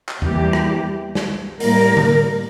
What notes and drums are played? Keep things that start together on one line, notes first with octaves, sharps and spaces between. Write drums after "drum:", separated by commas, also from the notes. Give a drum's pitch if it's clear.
drum: clap
E2 E3 G3 A#3 G4, drum: tom E2
drum: rim click
drum: snare
A2 G3 A#3 A#4, drum: open hi-hat
drum: tom D3